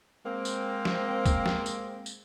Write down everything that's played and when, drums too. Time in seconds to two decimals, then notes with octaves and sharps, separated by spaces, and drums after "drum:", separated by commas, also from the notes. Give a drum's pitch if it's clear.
0.25 G#3 A#3 C4
0.45 drum: tambourine
0.85 drum: snare
1.26 drum: kick, tambourine
1.46 drum: snare
1.66 drum: tambourine
2.06 drum: tambourine